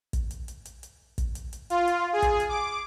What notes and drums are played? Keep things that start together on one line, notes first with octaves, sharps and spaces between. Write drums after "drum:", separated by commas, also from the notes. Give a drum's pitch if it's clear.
drum: kick, hi-hat
drum: hi-hat
drum: hi-hat
drum: hi-hat
drum: hi-hat
drum: kick, hi-hat
drum: hi-hat
drum: hi-hat
F4, drum: hi-hat
drum: hi-hat
G#4
drum: kick, hi-hat
drum: hi-hat
D6